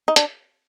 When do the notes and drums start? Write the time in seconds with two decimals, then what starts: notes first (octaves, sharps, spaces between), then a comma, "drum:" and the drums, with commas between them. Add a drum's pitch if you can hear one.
0.08 D#4
0.16 D4, drum: hi-hat